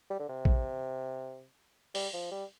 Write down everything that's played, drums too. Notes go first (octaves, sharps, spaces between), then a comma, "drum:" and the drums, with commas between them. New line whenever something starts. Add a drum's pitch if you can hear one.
G3
D3
C3
drum: kick
G3, drum: open hi-hat
F3
G3